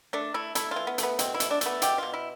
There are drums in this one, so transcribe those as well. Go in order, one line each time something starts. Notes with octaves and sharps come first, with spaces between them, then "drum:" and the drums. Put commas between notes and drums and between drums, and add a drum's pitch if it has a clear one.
A3 D4
A3 E4
A3 E4, drum: hi-hat
E3 F4
B3
A3, drum: hi-hat
B3
B2 C4, drum: hi-hat
E4
A3, drum: hi-hat
D4
A3 B3, drum: hi-hat
B2 G4, drum: hi-hat
B2 F4
E4